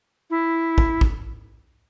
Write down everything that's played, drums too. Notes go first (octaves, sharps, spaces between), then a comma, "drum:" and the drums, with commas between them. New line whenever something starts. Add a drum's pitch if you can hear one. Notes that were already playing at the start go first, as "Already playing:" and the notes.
E4
drum: kick
drum: kick